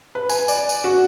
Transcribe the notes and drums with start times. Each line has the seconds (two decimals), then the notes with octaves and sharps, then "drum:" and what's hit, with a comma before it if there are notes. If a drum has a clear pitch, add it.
0.15 B4
0.29 G#5, drum: tambourine
0.48 D5, drum: tambourine
0.69 drum: tambourine
0.84 F#4